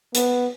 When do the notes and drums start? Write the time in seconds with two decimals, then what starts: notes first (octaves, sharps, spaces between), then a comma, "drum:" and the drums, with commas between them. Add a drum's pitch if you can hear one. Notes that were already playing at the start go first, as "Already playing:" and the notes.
0.15 B3, drum: hi-hat